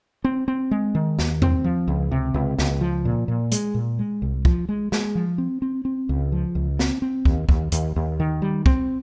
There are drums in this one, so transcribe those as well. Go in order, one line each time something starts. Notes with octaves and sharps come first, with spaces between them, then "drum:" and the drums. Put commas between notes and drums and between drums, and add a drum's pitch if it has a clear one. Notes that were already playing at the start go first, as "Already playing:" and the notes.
C4
C4
G#3
D#3
D#2, drum: snare
C4, drum: tom E2
F3
C#2
C3
C#2
C#2, drum: snare
F3
A#2
A#2
G#3, drum: hi-hat
A#2
G#3
C2
F3, drum: kick
G#3
G#3, drum: snare
F3
C4
C4
C4
C#2
F3
C#2
C4, drum: snare
C4
D#2, drum: kick
D#2, drum: kick
D#2, drum: hi-hat
D#2
D#3
G3
C4, drum: kick